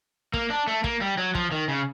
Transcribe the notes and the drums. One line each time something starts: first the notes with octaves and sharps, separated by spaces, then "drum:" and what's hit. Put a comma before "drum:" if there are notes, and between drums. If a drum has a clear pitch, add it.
A#3, drum: kick
D4
A3
A#3, drum: kick
G3
F#3
F3, drum: kick
D#3
C#3